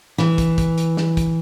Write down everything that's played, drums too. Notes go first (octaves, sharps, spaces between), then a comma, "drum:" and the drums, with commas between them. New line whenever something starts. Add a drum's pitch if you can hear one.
E3, drum: snare
drum: kick, hi-hat
drum: kick, hi-hat
drum: hi-hat
drum: snare
drum: kick, hi-hat